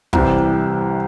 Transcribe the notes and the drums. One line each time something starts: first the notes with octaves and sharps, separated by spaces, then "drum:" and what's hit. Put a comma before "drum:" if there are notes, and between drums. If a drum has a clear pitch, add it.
C2 C3 E3 G3 C5, drum: kick